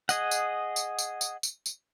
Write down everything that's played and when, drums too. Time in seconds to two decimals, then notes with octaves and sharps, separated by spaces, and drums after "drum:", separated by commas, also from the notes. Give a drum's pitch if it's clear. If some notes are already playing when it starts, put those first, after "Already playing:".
0.09 G#4 D#5 F#5, drum: tambourine
0.31 drum: tambourine
0.76 drum: tambourine
0.99 drum: tambourine
1.21 drum: tambourine
1.43 drum: tambourine
1.66 drum: tambourine